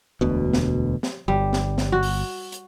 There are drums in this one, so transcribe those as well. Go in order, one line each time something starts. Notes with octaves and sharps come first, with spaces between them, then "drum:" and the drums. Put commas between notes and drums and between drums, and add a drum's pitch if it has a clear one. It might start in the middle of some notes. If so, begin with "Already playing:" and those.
E1 D2 B2
drum: snare
drum: snare
G1 G3
drum: snare
drum: snare
F#4
drum: open hi-hat
drum: hi-hat